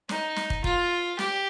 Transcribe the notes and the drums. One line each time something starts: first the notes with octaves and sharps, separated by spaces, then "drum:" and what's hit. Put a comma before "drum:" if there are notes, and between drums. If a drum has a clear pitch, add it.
D#4, drum: snare
drum: snare
drum: kick
F4, drum: kick
G4, drum: snare